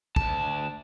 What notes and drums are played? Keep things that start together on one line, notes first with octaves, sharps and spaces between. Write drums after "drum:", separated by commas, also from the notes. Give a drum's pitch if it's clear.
D2 A5, drum: kick